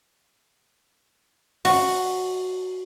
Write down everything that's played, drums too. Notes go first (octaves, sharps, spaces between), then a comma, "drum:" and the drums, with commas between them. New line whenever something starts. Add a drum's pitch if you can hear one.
F#4, drum: open hi-hat